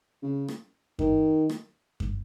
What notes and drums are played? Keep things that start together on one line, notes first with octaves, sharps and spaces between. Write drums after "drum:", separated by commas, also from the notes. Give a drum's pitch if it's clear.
C#3
drum: rim click
D#3, drum: kick F#2
drum: rim click
drum: kick F#2